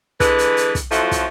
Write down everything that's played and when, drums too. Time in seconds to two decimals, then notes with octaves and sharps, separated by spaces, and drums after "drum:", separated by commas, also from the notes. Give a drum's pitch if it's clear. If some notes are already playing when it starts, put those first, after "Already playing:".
0.20 D3 E3 G#3 B4, drum: kick, hi-hat
0.38 drum: hi-hat
0.57 drum: hi-hat
0.75 drum: kick, hi-hat
0.91 F2 F3 F#3 A3 E4 F4, drum: hi-hat
1.11 drum: kick, hi-hat